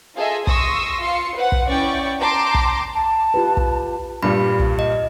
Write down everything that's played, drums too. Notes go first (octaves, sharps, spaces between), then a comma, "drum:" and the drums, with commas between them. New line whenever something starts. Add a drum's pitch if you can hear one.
F4 G#4 A4 D#5 E5
C6 C#6 D#6 E6 A#6, drum: kick
F4 F5 C6 C#7
B4 C5 F#5
drum: kick
C#4 E4 D5 G5 C#6
G5 A5 A#5 C6 D6
drum: kick
A5
F4 G4 B4
drum: kick
G2 A#2 G3 B5
drum: kick
D#5